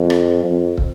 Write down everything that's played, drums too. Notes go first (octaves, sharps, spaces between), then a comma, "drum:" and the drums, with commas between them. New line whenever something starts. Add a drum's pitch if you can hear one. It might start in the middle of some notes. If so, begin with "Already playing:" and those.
Already playing: F2
drum: rim click
F2
drum: kick